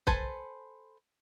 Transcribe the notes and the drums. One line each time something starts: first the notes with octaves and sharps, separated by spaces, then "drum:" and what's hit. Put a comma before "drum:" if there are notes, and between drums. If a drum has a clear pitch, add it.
A4 B4 C5 G#5 A5, drum: kick